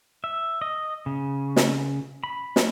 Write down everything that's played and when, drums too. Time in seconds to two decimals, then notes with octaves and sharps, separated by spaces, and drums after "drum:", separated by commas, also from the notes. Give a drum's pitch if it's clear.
0.24 E5
0.62 D#5
1.06 C#3
1.56 drum: snare
2.24 B5
2.56 drum: snare